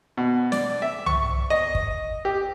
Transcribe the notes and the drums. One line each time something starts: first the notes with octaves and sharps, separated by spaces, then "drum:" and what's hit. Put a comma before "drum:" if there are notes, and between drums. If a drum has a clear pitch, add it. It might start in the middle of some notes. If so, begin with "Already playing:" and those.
B2
D5, drum: snare
E5
C#6, drum: tom C2
D#5
drum: kick
G4